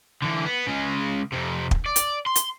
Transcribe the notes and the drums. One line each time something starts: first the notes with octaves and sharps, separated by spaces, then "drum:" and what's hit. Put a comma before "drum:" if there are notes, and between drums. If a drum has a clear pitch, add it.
D3 E3
B3
C#3 G#3
F2 C3
drum: kick
D5
drum: hi-hat
C6
drum: hi-hat